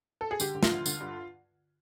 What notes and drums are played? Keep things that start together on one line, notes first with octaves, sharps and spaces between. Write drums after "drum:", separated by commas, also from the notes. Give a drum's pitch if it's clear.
A4
G#4
D3 G4, drum: tambourine
D3
F4, drum: snare
D2
D3, drum: tambourine
G2